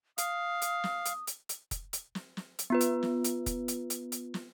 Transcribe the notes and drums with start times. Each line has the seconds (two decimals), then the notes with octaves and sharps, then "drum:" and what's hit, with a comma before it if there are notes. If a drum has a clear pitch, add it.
0.18 F5 D#6, drum: hi-hat
0.62 drum: hi-hat
0.84 drum: snare
1.06 drum: hi-hat
1.27 drum: hi-hat
1.49 drum: hi-hat
1.71 drum: kick F1, hi-hat
1.93 drum: hi-hat
2.15 drum: snare
2.37 drum: snare
2.59 drum: hi-hat
2.70 B3 F4 B4
2.81 drum: hi-hat
3.03 drum: snare
3.24 drum: hi-hat
3.46 drum: kick F1, hi-hat
3.68 drum: hi-hat
3.90 drum: hi-hat
4.12 drum: hi-hat
4.34 drum: snare